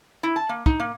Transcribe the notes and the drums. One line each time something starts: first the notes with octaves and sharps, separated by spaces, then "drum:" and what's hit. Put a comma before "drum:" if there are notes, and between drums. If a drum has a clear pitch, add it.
E4
A5
A#3
D#4, drum: kick
A#3